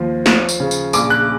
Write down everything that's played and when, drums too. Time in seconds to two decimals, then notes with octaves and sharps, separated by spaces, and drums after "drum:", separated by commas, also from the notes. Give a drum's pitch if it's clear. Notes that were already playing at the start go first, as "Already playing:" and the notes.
Already playing: D#2 F3
0.26 F3, drum: snare
0.49 drum: tambourine
0.60 C#3
0.71 drum: tambourine
0.93 A#1 D6, drum: tambourine
1.10 F#6